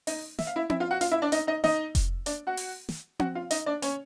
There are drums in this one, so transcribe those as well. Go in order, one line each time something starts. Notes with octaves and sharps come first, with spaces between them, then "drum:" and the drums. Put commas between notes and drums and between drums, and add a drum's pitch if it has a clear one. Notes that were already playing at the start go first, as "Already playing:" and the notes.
D#4 D#5, drum: open hi-hat
E5, drum: snare
F5
E4 E5
E4 E5, drum: tom C4
F4 F5
F#4 F#5
F4 F5, drum: hi-hat
E4 E5
D4 D5
D#4 D#5, drum: hi-hat
D#4 D#5
D#4 D#5, drum: snare
drum: kick F1, hi-hat
D4 D5, drum: hi-hat
F#4 F#5
drum: open hi-hat
drum: snare
F#4 F#5, drum: tom C4
F4 F5
D#4 D#5, drum: hi-hat
D4 D5
C#4 C#5, drum: hi-hat